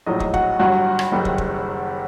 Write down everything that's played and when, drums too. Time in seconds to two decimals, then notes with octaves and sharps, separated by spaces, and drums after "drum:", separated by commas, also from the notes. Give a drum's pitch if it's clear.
0.06 A#1 A2 F#3 D#4 D#5
0.20 drum: kick
0.34 F#4 F#5, drum: kick
0.59 G1 G2 F#3 F#4 F#5
0.99 drum: rim click
1.12 F#1 F#2 D#3 G3
1.25 drum: kick
1.38 drum: kick